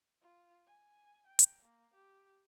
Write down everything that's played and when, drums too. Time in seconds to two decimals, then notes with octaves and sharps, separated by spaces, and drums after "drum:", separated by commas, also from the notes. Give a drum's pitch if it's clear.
0.22 F4
0.67 G#5
1.27 G5
1.39 drum: hi-hat
1.63 A#3
1.95 G4